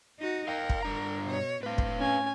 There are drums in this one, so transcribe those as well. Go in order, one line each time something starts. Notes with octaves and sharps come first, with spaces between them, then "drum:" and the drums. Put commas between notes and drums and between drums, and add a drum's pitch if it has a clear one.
D#4 F#4
A#4 F5 G5
drum: kick
G2 D4 A#5
B2 C#5
A2 C4 B4 F5
drum: kick
C#4 G#5